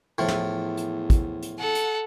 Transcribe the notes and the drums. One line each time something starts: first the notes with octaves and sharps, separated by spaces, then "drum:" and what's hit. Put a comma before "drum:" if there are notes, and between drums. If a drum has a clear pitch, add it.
E2 A2 F3
drum: snare
drum: hi-hat
drum: kick, hi-hat
drum: hi-hat
A4 F#5
drum: hi-hat